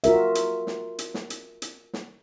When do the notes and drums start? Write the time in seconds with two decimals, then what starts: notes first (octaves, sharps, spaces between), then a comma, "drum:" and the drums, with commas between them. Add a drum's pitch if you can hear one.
0.04 F4 F#4 A#4 E5, drum: hi-hat
0.35 drum: hi-hat
0.67 drum: snare
0.99 drum: hi-hat
1.14 drum: snare
1.30 drum: hi-hat
1.62 drum: hi-hat
1.93 drum: snare